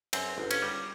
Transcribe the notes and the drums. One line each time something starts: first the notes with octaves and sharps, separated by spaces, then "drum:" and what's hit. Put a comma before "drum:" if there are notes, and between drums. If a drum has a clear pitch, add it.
F#2 C4, drum: cymbal
G1
C#4, drum: cymbal
G3